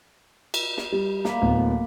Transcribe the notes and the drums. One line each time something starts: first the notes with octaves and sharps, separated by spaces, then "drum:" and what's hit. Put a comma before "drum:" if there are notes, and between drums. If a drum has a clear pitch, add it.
drum: cymbal
drum: snare
G3
A#3 B5, drum: snare
D1 B3